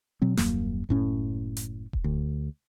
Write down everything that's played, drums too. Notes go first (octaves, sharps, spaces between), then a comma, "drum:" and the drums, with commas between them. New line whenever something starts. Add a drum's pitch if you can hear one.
B2 F#3 C4
D#1 F#2 A#3, drum: snare
F#1 A2 C#4
drum: hi-hat
drum: kick D#1
D2